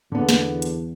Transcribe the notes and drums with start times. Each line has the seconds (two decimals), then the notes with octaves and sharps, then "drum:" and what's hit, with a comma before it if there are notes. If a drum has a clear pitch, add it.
0.12 E2 D3 B3
0.29 drum: snare
0.62 drum: hi-hat